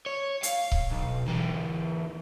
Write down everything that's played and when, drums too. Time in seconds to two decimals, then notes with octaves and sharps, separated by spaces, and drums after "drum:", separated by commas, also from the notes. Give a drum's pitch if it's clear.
0.06 C#5
0.43 F5, drum: hi-hat
0.72 drum: kick C#1
0.92 B1
1.28 E2 G4